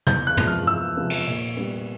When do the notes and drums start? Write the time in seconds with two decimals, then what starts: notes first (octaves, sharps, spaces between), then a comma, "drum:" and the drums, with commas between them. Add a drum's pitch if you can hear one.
0.07 E2 G6, drum: tom
0.27 F#6
0.37 C3 F3 G#3 B3, drum: tom
0.47 F6
0.67 E2 E6
0.97 C3 F3 G#3 B3
1.10 drum: cymbal
1.27 A#2
1.57 G3 B3